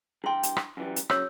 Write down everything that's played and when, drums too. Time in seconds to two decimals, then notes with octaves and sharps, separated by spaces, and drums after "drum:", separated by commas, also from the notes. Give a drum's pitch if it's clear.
0.24 G2 E4 G5 C6
0.43 drum: hi-hat
0.57 drum: rim click
0.77 F#2 E3 G3
0.96 drum: hi-hat
1.10 C#3 F#3 C#5 E6, drum: rim click